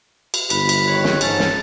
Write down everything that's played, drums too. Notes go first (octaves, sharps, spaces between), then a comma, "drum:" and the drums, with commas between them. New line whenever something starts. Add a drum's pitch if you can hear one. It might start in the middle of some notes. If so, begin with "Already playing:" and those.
drum: cymbal
G1 B5, drum: cymbal
drum: cymbal
D#3 C#5 F#6
drum: snare
G#2 C#4 A4, drum: cymbal
drum: snare